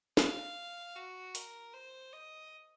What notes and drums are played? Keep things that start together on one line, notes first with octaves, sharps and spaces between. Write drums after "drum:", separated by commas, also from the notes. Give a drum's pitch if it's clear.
F5, drum: snare
F#4
A#4, drum: open hi-hat
C5
D#5